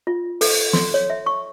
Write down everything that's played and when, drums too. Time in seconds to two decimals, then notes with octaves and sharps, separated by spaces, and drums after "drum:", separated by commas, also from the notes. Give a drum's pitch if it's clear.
0.07 F4
0.41 A4, drum: open hi-hat
0.73 C6, drum: snare
0.94 C#5
1.10 E5
1.26 C#6